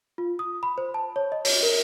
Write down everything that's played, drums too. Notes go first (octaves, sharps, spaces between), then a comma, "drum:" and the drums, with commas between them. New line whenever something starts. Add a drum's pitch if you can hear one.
F4
D#6
B5
C5
A5
C#5
D#5
C#5, drum: open hi-hat
A#4